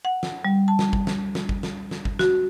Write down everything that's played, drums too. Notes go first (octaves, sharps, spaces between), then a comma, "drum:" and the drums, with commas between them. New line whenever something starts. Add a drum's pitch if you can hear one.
F#5
drum: snare
G3
A5
drum: snare
drum: kick G1
drum: snare
drum: snare
drum: kick G1
drum: snare
drum: snare
drum: kick G1
F#4, drum: snare